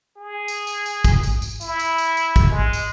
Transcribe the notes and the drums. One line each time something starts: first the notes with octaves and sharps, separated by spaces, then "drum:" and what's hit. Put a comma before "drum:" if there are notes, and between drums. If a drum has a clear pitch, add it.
G#4
drum: tambourine
drum: tambourine
drum: tambourine
drum: kick, tambourine
drum: tambourine
drum: tambourine
E4, drum: tambourine
drum: tambourine
drum: tambourine
drum: tambourine
drum: kick, tambourine
G#3
drum: tambourine